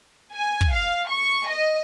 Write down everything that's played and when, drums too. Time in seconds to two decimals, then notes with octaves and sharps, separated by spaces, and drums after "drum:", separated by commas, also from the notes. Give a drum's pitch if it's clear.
0.33 G#5
0.61 drum: kick
0.72 F5
1.09 C#6
1.47 D#5